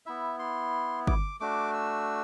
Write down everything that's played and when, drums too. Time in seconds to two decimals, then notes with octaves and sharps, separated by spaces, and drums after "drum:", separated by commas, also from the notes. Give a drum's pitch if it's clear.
0.06 B3 E4 E5
0.39 C6
1.07 D6, drum: kick G1
1.40 A3 D4 F#4 D6
1.74 E6